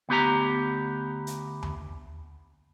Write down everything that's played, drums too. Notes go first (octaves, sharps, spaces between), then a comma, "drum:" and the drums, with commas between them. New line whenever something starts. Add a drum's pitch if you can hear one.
D2 B3 G4 A#5
drum: hi-hat
drum: tom D#2